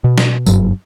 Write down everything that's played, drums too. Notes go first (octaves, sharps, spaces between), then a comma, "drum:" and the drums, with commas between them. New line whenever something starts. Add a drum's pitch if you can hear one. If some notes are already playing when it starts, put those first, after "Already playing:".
B2
drum: snare
F#1 G2 F#3, drum: tambourine